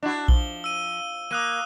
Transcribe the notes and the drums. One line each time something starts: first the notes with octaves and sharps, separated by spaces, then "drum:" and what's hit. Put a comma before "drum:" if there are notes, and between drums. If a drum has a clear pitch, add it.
D4 E4 F#4
F3 G7, drum: kick A#1
E6 D#7
A#3 D#6 F#6 D#7